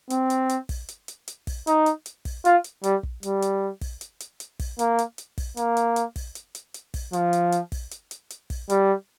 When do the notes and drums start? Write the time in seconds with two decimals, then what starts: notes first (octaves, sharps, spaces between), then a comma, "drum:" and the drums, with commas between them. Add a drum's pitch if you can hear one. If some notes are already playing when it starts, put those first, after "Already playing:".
0.10 C4, drum: hi-hat
0.30 drum: hi-hat
0.49 drum: hi-hat
0.69 drum: kick, open hi-hat
0.89 drum: hi-hat
1.08 drum: hi-hat
1.28 drum: hi-hat
1.47 drum: kick, open hi-hat
1.67 D#4, drum: hi-hat
1.86 drum: hi-hat
2.06 drum: hi-hat
2.25 drum: kick, open hi-hat
2.45 F4, drum: hi-hat
2.64 drum: hi-hat
2.84 G3, drum: hi-hat
3.03 drum: kick
3.23 G3, drum: hi-hat
3.42 drum: hi-hat
3.81 drum: kick, open hi-hat
4.01 drum: hi-hat
4.20 drum: hi-hat
4.40 drum: hi-hat
4.59 drum: kick, open hi-hat
4.79 A#3, drum: hi-hat
4.98 drum: hi-hat
5.18 drum: hi-hat
5.38 drum: kick, open hi-hat
5.57 A#3, drum: hi-hat
5.77 drum: hi-hat
5.96 drum: hi-hat
6.16 drum: kick, open hi-hat
6.35 drum: hi-hat
6.55 drum: hi-hat
6.74 drum: hi-hat
6.94 drum: kick, open hi-hat
7.13 F3, drum: hi-hat
7.33 drum: hi-hat
7.52 drum: hi-hat
7.72 drum: kick, open hi-hat
7.91 drum: hi-hat
8.11 drum: hi-hat
8.30 drum: hi-hat
8.50 drum: kick, open hi-hat
8.70 G3, drum: hi-hat